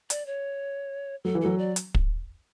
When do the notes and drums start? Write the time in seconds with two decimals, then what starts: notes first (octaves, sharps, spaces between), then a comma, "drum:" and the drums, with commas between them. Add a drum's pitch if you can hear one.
0.10 D5, drum: hi-hat
0.26 C#5
1.24 F#3 A4
1.35 E3
1.41 F#3 A4
1.59 D5
1.76 drum: hi-hat
1.94 drum: kick